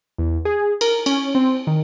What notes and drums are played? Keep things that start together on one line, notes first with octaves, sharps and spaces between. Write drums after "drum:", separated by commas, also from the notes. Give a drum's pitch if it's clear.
E2
G#4
A#4, drum: cymbal
C#4, drum: cymbal
C4
D#3